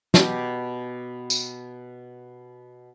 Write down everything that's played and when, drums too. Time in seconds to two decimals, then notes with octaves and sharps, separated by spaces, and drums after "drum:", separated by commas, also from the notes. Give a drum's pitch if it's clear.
0.14 B2 G4, drum: snare
1.30 drum: tambourine